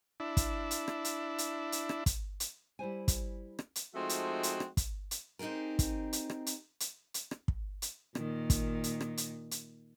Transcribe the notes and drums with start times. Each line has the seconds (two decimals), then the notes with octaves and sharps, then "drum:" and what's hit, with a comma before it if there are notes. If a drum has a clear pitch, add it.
0.20 D4 E4
0.37 drum: kick, hi-hat
0.71 drum: hi-hat
0.88 drum: rim click
1.05 drum: hi-hat
1.38 drum: hi-hat
1.72 drum: hi-hat
1.89 drum: rim click
2.06 drum: kick, hi-hat
2.40 drum: hi-hat
2.79 G3 E4 C5 G#5
3.08 drum: kick, hi-hat
3.59 drum: rim click
3.76 drum: hi-hat
3.95 F3 G#3 A3 C4 D#4 F#4
4.09 drum: hi-hat
4.43 drum: hi-hat
4.60 drum: rim click
4.77 drum: kick, hi-hat
5.11 drum: hi-hat
5.39 C4 D#4 G4 G#4 A#4
5.79 drum: kick, hi-hat
6.13 drum: hi-hat
6.30 drum: rim click
6.46 drum: hi-hat
6.80 drum: hi-hat
7.14 drum: hi-hat
7.31 drum: rim click
7.48 drum: kick
7.82 drum: hi-hat
8.15 A#2 D#3, drum: rim click
8.50 drum: kick, hi-hat
8.84 drum: hi-hat
9.01 drum: rim click
9.17 drum: hi-hat
9.51 drum: hi-hat